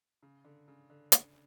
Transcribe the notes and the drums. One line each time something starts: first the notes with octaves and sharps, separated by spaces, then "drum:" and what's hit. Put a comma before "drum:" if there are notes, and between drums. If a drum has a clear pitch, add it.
C#3
D3
C#3
D3
drum: hi-hat